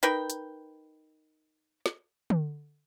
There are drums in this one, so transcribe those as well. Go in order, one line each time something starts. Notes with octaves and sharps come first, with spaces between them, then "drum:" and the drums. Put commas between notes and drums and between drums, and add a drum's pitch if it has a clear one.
D#4 A#4 B4 G5, drum: hi-hat
drum: hi-hat
drum: snare
drum: tom D3